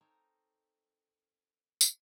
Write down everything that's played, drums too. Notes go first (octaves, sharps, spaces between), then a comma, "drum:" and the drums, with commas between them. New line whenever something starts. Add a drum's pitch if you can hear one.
C4 D#4 A4 A#4 C#5
drum: tambourine